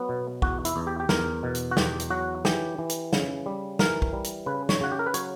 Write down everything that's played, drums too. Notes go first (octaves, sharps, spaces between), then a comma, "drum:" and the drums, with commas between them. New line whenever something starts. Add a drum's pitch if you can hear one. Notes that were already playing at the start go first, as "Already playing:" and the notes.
Already playing: F#3 B3
B2
E2 F#4, drum: kick
E4, drum: hi-hat
E2
G4
G4
E2 A#4, drum: snare
B2
drum: hi-hat
F#4
E2 G4, drum: snare
drum: hi-hat
F#3 F#4
E3 G4, drum: snare
E3
drum: hi-hat
C#3, drum: snare
G3
E3 A#4, drum: snare
drum: kick
G3
drum: hi-hat
C#3 B4
C#5, drum: snare
C#3 F#4
G4
A#4
B4
F#3 C#5, drum: hi-hat